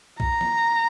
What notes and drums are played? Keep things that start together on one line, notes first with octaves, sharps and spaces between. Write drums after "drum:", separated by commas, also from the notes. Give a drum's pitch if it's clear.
A#5, drum: kick
drum: tom D#3